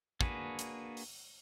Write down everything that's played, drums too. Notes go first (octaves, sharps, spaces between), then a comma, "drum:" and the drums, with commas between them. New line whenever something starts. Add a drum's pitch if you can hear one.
A#3 D4 F#4 G#4 B4, drum: kick
drum: hi-hat
drum: open hi-hat